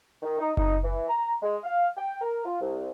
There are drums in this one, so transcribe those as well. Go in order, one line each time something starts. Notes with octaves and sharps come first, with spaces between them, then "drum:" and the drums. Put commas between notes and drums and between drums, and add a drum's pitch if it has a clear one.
D#3
D#4
D#4, drum: kick F#1
E3
A#5
G#3
F5
G5
A#4
F4
C2